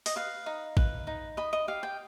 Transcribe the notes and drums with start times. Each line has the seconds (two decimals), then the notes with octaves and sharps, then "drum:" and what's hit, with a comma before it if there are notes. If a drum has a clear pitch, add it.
0.06 D#5, drum: open hi-hat
0.16 B4 F5
0.46 D#4
0.77 B4, drum: kick A1
1.07 D#4
1.37 D#5 B5
1.53 D#5
1.68 G4 F5
1.83 G5